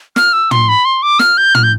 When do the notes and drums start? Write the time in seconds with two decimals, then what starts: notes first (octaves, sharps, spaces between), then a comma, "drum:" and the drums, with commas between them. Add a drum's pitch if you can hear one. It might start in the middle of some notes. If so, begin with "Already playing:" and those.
0.16 F6, drum: snare
0.33 E6
0.51 C6, drum: tom
0.69 B5
0.85 C6
1.03 D6
1.19 F6, drum: snare
1.37 G6
1.55 F6, drum: tom
1.63 G6